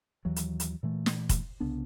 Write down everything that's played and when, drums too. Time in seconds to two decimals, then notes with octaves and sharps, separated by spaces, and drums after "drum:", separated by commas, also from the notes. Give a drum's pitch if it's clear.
0.25 D#2 E3 F#3
0.36 drum: hi-hat
0.60 drum: hi-hat
0.83 A#2 E3 A3
1.06 drum: snare
1.29 drum: kick, hi-hat
1.60 C2 C#3 B3 D4